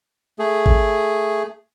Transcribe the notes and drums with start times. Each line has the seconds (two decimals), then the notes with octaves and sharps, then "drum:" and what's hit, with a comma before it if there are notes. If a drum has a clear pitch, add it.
0.39 A3 G#4
0.66 drum: kick G#1